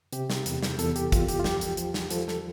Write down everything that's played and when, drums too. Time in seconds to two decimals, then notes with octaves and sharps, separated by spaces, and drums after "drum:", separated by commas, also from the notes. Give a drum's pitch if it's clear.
0.13 C3 G4, drum: hi-hat
0.30 drum: snare
0.46 E2, drum: hi-hat
0.63 drum: snare
0.79 E2 A4, drum: hi-hat
0.96 G4, drum: hi-hat
1.12 E2 F4, drum: kick, hi-hat
1.28 G4, drum: hi-hat
1.40 F4
1.44 F3 G4, drum: snare
1.61 drum: hi-hat
1.77 F3, drum: hi-hat
1.94 drum: snare
2.10 F3 A4, drum: hi-hat
2.28 A4, drum: snare